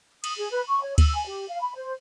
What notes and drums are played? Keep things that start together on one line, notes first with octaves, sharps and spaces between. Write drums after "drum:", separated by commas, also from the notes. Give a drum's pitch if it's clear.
D#6, drum: cymbal
G#4
B4
C#6
C#5
E6, drum: kick D2, cymbal
G#5
G4
F5
B5
C5